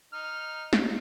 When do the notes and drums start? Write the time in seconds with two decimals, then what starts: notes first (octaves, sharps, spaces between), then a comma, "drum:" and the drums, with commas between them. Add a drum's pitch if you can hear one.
0.13 D#4 F6
0.73 drum: snare